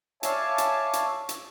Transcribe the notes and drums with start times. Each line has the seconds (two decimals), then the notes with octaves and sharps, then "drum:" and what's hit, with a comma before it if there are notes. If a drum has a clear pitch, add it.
0.23 C#5 D5 E5 F5 G#5 A5, drum: hi-hat
0.58 drum: hi-hat
0.93 drum: hi-hat
1.29 drum: hi-hat